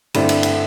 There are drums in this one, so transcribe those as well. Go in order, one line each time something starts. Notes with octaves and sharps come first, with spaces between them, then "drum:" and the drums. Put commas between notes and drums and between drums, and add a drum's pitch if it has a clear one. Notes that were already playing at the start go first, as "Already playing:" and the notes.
G2 D3 A3 C4 E4 D5, drum: cymbal
drum: cymbal
drum: cymbal